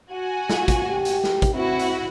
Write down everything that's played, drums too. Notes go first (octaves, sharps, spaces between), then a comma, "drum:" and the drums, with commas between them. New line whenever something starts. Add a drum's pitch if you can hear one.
F#4 G#5
F4, drum: snare
drum: kick, hi-hat
G4
drum: hi-hat
drum: snare
drum: kick, hi-hat
C4 E4 F#4
drum: hi-hat